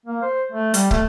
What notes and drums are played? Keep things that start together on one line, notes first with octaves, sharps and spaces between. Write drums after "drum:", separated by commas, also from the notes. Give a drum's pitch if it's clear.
A#3
C5
A3
G3, drum: hi-hat
A3, drum: kick